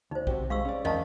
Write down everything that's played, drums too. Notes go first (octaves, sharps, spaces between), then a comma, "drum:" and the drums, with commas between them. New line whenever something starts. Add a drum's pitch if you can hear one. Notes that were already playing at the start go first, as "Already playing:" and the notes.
D2 D#4 C5
C3 F#4 G4, drum: kick B1
G#2 G#3 F5 C#6 E6
C#4 D5
D#3 D#5 F5 A5, drum: tom